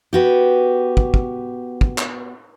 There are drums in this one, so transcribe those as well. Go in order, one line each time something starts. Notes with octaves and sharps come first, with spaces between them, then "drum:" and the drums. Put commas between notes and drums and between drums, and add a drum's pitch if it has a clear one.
B3 F#4 G4
drum: kick
drum: kick
drum: kick
drum: clap